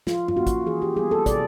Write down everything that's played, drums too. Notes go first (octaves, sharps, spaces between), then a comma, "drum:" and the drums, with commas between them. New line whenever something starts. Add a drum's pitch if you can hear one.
F3 F4, drum: snare
F4, drum: tom G2
A#3 C#4 F#4
drum: kick, hi-hat
E3 G#4
G4
G3 B3 G#4
A4
C3 D5, drum: kick, hi-hat